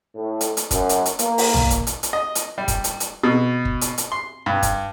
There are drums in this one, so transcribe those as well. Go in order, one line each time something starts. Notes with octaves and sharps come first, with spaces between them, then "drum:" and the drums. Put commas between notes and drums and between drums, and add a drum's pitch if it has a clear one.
A2
drum: hi-hat
drum: hi-hat
F#2, drum: kick, hi-hat
drum: hi-hat
drum: hi-hat
A#3, drum: hi-hat
drum: open hi-hat
drum: tom
drum: kick, hi-hat
drum: hi-hat
drum: hi-hat
D#5
drum: hi-hat
G3
drum: kick, hi-hat
drum: hi-hat
drum: hi-hat
B2
drum: kick
drum: hi-hat
drum: hi-hat
C6
G2
drum: kick, hi-hat